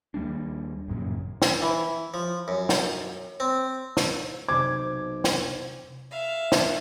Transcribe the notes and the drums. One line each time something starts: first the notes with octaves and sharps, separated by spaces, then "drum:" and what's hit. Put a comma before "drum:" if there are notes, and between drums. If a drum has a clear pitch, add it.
D#2 G3 A#3 D4
A1 F#2 A#2 C#3
drum: snare
E3
F3
F#2
drum: snare
C4
drum: snare
B1 C3 C5 D6 G#6
drum: snare
E5 F5
drum: snare